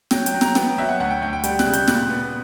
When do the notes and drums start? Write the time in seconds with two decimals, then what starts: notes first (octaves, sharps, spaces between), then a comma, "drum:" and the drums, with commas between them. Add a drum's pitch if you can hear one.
0.11 F#3 G5, drum: snare
0.26 G5, drum: hi-hat
0.34 F#3
0.41 A#5, drum: snare
0.55 B3 G5, drum: snare
0.78 F#3 E5
0.89 F#5
1.00 D2 F#5
1.11 G5
1.21 D2 G5
1.33 G5
1.44 G3 G5, drum: hi-hat
1.59 F#6, drum: snare
1.66 C#3
1.73 G6, drum: hi-hat
1.88 A#2 F#6, drum: snare
2.10 B3